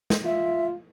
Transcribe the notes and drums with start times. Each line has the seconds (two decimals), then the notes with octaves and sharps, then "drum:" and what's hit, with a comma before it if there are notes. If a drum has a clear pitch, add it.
0.10 drum: snare
0.25 F4 E5